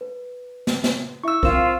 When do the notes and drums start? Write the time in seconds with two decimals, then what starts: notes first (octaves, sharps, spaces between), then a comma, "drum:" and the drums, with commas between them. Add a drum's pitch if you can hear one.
0.01 B4
0.67 drum: snare
0.84 drum: snare
1.24 E4 E5 C#6 E6
1.43 C4 F4 A#4 E7, drum: kick B1